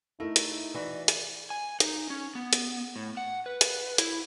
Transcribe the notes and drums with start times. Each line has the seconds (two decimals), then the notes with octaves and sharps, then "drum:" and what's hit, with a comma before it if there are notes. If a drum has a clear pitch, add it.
0.20 A3 D#4 E4 A#4
0.36 drum: hi-hat
0.74 E3 F#4 D5
1.08 drum: hi-hat
1.50 G#5
1.80 D#4, drum: hi-hat
2.10 C#4
2.35 B3
2.53 drum: hi-hat
2.96 A2
3.17 F#5
3.46 B4
3.61 drum: hi-hat
3.98 E4, drum: hi-hat